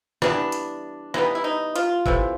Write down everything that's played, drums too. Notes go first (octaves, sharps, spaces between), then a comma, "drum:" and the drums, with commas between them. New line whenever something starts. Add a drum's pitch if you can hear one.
E3 G3 B3 D4, drum: rim click
drum: hi-hat
E3 G3 B3 D#4, drum: rim click
E4
D#4
F4, drum: hi-hat
C3 E3 A3, drum: kick G#1